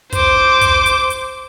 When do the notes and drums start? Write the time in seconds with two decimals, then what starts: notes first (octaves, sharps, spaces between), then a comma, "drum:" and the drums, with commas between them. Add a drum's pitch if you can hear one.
0.12 C5 D6, drum: kick, hi-hat
0.61 drum: kick, hi-hat
0.86 drum: hi-hat
1.10 drum: hi-hat